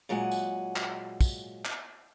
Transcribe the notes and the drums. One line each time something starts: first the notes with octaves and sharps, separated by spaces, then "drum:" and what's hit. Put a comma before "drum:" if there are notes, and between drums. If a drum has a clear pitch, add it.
A#2 F#3 G#3 F#5 G#5
drum: tambourine
drum: clap
drum: kick, tambourine
drum: clap